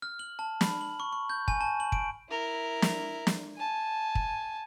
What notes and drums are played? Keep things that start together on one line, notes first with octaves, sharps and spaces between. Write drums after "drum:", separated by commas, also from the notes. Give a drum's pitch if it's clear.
F6
F#7
A5
B5, drum: snare
F#7
C#6
C#6
G6
G#5, drum: kick
A5
F#7
D7, drum: kick
E4 A#4
drum: snare
drum: snare
G#5 A5
drum: kick